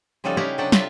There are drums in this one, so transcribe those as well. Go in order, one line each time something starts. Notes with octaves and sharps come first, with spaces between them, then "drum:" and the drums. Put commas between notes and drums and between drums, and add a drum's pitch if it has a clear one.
C#3 F3 G3 D#4 F#4 A4
E4 G4 C#5 F5 F#5 A#5
C3 F#3 D4 A4 F#5 G5
F4 E5 F5 G5 A5, drum: snare